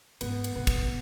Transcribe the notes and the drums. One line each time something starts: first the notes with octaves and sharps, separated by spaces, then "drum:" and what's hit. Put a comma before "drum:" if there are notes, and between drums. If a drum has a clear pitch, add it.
G#2 B3, drum: cymbal
drum: cymbal
B2 B3
drum: kick, cymbal